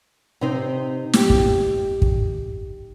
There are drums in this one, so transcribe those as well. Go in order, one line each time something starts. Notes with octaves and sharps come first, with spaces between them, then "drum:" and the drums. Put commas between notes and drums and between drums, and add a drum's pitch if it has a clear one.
C3 C4 D#4 C5
D#4 G4, drum: snare
drum: kick
drum: kick